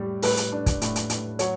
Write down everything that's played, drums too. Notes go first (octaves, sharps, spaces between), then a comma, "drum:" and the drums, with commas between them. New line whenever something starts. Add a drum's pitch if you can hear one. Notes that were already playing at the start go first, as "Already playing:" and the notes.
Already playing: A2 G3
A2 B4, drum: open hi-hat
drum: hi-hat
D4
drum: kick, hi-hat
A2, drum: hi-hat
drum: hi-hat
A2, drum: hi-hat
F#3 C#5, drum: hi-hat